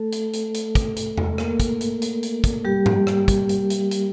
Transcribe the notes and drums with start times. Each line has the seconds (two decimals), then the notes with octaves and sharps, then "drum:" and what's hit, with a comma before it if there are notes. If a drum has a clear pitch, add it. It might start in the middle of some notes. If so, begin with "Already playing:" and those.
Already playing: A3 A4
0.12 drum: hi-hat
0.33 drum: hi-hat
0.54 drum: hi-hat
0.75 drum: kick, hi-hat
0.96 drum: hi-hat
1.17 drum: tom E2
1.38 A#3 A#4, drum: rim click
1.60 drum: kick, hi-hat
1.81 drum: hi-hat
2.02 drum: hi-hat
2.23 drum: hi-hat
2.44 drum: kick, hi-hat
2.65 G3 G4
2.86 drum: tom G#2
3.07 drum: rim click
3.28 drum: kick, hi-hat
3.49 drum: hi-hat
3.70 drum: hi-hat
3.91 drum: hi-hat